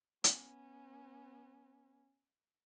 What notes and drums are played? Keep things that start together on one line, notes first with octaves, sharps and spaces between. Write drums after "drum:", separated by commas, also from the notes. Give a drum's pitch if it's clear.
B3 C#4, drum: hi-hat